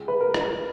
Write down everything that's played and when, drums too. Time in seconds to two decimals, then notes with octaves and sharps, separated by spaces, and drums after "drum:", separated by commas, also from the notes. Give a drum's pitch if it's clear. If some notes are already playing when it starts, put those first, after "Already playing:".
Already playing: C#2 C#3 G#3
0.08 B4
0.21 A#4
0.34 drum: rim click